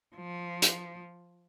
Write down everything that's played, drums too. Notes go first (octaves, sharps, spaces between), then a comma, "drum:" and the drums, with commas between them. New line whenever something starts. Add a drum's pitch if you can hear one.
F3
drum: hi-hat